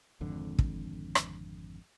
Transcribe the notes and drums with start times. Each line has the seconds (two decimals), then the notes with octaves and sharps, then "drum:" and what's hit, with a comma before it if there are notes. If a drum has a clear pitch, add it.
0.21 G#1 F2 D3
0.59 drum: kick
1.15 drum: rim click